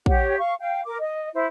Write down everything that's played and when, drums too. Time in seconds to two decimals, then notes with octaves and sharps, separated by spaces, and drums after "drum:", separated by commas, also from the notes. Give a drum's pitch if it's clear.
0.06 G4 C#5 F#5, drum: kick A#1
0.38 F5 C#6
0.59 F5 G5
0.84 A#4 D6
1.00 D#5
1.34 E4 C5